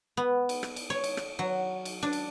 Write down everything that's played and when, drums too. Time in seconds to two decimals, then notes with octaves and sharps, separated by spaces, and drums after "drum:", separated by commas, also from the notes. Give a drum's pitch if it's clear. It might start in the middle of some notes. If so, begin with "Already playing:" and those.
0.17 B3
0.49 drum: cymbal
0.63 drum: rim click
0.76 drum: cymbal
0.90 C#5
1.04 drum: cymbal
1.17 drum: rim click
1.39 F#3
1.85 drum: cymbal
2.02 D4
2.13 drum: cymbal